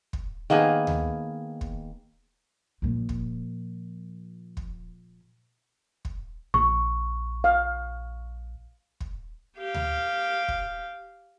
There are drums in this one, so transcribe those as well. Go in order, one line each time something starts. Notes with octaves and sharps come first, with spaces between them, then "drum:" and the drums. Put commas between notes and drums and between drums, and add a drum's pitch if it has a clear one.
drum: kick
D#3 A#3 B3 G#4
drum: tom D2
drum: kick
A#2 F3
drum: kick
drum: kick
drum: kick
A#1 C#6
F5
drum: kick
G4 F5
drum: tom D2
drum: kick